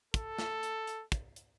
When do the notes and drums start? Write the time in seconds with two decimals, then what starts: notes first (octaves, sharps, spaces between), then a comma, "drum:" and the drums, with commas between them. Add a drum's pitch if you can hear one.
0.14 A4, drum: kick, hi-hat
0.38 drum: snare
0.63 drum: hi-hat
0.87 drum: hi-hat
1.12 drum: kick, hi-hat
1.36 drum: hi-hat